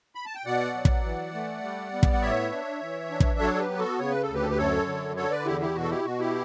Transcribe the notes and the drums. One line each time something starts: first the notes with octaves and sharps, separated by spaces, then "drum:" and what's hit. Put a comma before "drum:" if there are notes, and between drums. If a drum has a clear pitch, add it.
B5
A5
G5
B2 D5 F#5
F#3
drum: kick
E3
A3
G3
B3
drum: kick
F#5
A2 C#5 E5
D4
E3
D4
drum: kick
F#3 A4 C#5
A4
G4 B4
B3
F#4 A4
C#3 C#5
B4
A4
D2
G4 B4
A4
B4
F#2 A4 C#5
D3
D3 A4 C#5
B4 D5
E2 E4 G4
E4 G4
B2 F#4
A4
E4 G4
B2 F#4
E4 G4